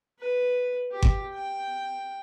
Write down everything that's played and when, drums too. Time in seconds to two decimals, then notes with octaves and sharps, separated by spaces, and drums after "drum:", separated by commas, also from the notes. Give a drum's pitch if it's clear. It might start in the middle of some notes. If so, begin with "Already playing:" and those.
0.20 B4
0.92 G4
1.02 drum: kick G1
1.33 G5